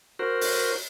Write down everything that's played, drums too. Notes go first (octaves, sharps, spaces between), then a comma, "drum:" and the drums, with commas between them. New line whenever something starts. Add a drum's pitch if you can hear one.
F#4 A#4 C5
drum: open hi-hat